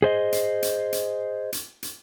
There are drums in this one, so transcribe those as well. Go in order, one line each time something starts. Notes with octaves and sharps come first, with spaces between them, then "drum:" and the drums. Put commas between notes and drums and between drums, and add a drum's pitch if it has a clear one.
G#4 C5 D#5
drum: hi-hat
drum: hi-hat
drum: hi-hat
drum: hi-hat
drum: hi-hat